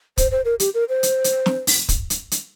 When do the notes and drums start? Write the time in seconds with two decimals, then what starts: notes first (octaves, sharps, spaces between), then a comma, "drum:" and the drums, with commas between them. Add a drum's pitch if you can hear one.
0.18 C5, drum: kick, hi-hat
0.31 C5
0.45 A#4
0.60 G4, drum: hi-hat
0.74 A#4
0.89 C5
1.03 drum: hi-hat
1.24 drum: hi-hat
1.46 drum: snare
1.67 drum: open hi-hat
1.89 drum: kick, hi-hat
2.10 drum: hi-hat
2.31 drum: hi-hat